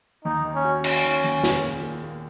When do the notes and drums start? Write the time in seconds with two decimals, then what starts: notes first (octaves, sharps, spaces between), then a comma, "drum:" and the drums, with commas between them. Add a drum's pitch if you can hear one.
0.25 D#2 D#4
0.45 D#3
0.55 C#4
0.65 F#4
0.84 C#4 F#4, drum: cymbal
1.04 D#3
1.24 D#2
1.44 G#4, drum: snare
1.64 A#2
1.83 A#3
2.03 A#3